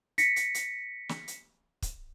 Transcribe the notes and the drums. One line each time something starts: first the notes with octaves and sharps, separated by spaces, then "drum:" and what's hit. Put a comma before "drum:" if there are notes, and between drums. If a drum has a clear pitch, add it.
A#6 B6 C#7, drum: hi-hat
drum: hi-hat
drum: hi-hat
drum: snare
drum: hi-hat
drum: kick, hi-hat